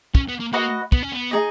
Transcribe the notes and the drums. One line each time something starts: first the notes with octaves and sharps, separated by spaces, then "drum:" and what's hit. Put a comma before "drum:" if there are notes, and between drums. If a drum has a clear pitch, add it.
C#4, drum: kick
B3
A#3
A#3 F#4 B4 D#5 F#5
B3, drum: kick
C#4
B3
D#4 G#4 D#5